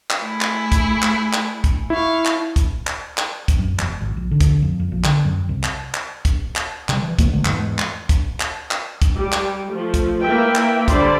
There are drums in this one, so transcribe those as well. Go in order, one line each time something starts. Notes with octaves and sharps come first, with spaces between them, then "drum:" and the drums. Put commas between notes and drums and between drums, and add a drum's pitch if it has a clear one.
drum: clap
A3 E4 G#4
drum: clap
drum: kick, hi-hat
drum: clap
drum: clap
drum: kick, hi-hat
E4 F5 C#6
drum: clap
drum: kick, hi-hat
drum: clap
drum: clap
drum: kick, hi-hat
F#2
E1, drum: clap
G#1
A#1
D3
drum: kick, hi-hat
F2
F2
A#1
D3, drum: clap
F#2
C2
drum: clap
drum: clap
drum: kick, hi-hat
drum: clap
C3 G3, drum: clap
E3
B2 E3 A3 A#3, drum: kick, hi-hat
D3 G#3
E2 G#2 E3 G#3, drum: clap
drum: clap
drum: kick, hi-hat
drum: clap
drum: clap
drum: kick, hi-hat
G3 G4
drum: clap
F3 A3
drum: kick, hi-hat
A#3 E4 B4 E5 G5
drum: clap
D3 G3 C5 D5 B5 C6, drum: kick, hi-hat